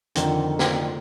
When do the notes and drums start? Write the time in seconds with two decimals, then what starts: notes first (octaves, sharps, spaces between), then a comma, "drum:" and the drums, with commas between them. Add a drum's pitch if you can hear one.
0.15 F2 D3 D#3, drum: hi-hat
0.59 drum: snare